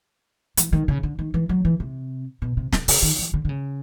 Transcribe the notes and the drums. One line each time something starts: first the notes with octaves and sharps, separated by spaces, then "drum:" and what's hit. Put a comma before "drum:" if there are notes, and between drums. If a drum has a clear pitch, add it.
E3, drum: hi-hat
D#3
C#3
D3
D#3
E3
F#3
E3
C3
B2
C3
C3, drum: snare
C#3, drum: open hi-hat
D#3
E3
D3
D3
C#3